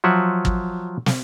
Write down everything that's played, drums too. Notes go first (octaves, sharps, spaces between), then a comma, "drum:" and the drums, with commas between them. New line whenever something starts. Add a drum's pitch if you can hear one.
F3 F#3 E5 F#5
drum: kick
drum: snare